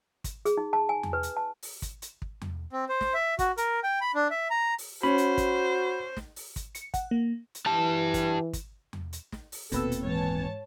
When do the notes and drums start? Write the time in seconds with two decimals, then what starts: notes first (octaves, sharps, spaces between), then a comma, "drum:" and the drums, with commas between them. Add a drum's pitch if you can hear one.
0.24 drum: kick, hi-hat
0.45 G#4, drum: hi-hat
0.58 D#4
0.73 A5
0.89 G#5
1.03 drum: tom E2
1.13 B4
1.23 drum: hi-hat
1.37 A5
1.62 drum: open hi-hat
1.82 drum: kick, hi-hat
2.02 drum: hi-hat
2.22 drum: kick
2.41 drum: tom E2
2.71 C4
2.89 C5
3.01 drum: snare
3.14 E5
3.39 F#4, drum: kick, hi-hat
3.57 A#4, drum: hi-hat
3.83 G5
4.01 B5
4.15 D4
4.31 E5
4.50 A#5
4.78 drum: open hi-hat
5.03 C#4 F#4 C5 B5
5.18 drum: hi-hat
5.38 drum: kick, hi-hat
6.17 drum: snare
6.36 drum: open hi-hat
6.56 drum: kick, hi-hat
6.75 C#7, drum: hi-hat
6.94 F#5, drum: kick, hi-hat
7.11 A#3
7.55 drum: hi-hat
7.67 E3 G4 A5
8.14 drum: kick, hi-hat
8.53 drum: kick, hi-hat
8.93 drum: tom E2
9.13 drum: hi-hat
9.32 drum: snare
9.52 drum: open hi-hat
9.72 D#1 B2 A#3 C4 A4 B4 E6, drum: kick, hi-hat
9.92 drum: hi-hat
10.05 G#2 E3 C#5 A5